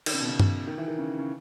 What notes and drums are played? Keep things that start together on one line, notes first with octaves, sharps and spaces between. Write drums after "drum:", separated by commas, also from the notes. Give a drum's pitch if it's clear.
D#3, drum: cymbal
C#3
B2
C#3
drum: tom G2
D#3
E3
D#3
C#3
C#3